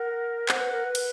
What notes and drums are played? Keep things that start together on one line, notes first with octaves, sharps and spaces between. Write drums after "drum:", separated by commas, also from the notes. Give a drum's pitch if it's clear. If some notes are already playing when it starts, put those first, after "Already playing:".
Already playing: A#4 F#5
C5 F#5, drum: clap
B4
A#4
B4
drum: cymbal